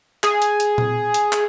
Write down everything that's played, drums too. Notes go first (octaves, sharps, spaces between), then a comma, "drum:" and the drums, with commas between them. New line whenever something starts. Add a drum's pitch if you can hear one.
G#4, drum: clap
drum: hi-hat
drum: hi-hat
drum: tom A#2
drum: hi-hat
drum: clap